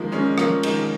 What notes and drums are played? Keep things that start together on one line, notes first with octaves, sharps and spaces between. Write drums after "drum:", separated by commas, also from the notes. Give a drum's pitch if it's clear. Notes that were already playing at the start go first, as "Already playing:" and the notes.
Already playing: D#3 F3 G#3 A#3
G#3 C#4
F3 A#3, drum: rim click
D#3 G#3, drum: cymbal